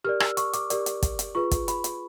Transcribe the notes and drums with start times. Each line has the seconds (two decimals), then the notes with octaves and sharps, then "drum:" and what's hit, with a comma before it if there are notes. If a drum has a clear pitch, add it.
0.04 G4 A#4 D5 F6
0.20 E6, drum: rim click
0.37 C#6, drum: hi-hat
0.53 D6, drum: hi-hat
0.70 G4 A#4 D5, drum: hi-hat
0.86 drum: hi-hat
1.02 drum: kick, hi-hat
1.19 drum: hi-hat
1.35 F4 G#4 B4 C#6
1.51 drum: kick, hi-hat
1.68 B5, drum: hi-hat
1.84 drum: hi-hat